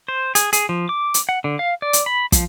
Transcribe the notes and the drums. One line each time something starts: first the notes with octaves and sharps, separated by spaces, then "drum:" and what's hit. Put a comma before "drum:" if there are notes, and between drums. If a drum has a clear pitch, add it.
C5
G#4, drum: hi-hat
G#4, drum: hi-hat
F3
D6
drum: hi-hat
F#5
D3
F5
D5
drum: hi-hat
B5
F3, drum: kick, hi-hat